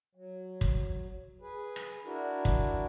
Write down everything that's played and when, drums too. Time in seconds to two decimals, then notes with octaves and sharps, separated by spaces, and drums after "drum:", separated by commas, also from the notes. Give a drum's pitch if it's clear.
0.15 F#3
0.61 drum: kick
1.41 G#4 B4
1.76 drum: rim click
2.05 D4 E4 F#4 A#4
2.45 drum: kick